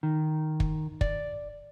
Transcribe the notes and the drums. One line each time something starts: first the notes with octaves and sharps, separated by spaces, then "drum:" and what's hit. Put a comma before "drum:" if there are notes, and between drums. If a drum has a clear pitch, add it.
D#3
drum: kick
D5, drum: kick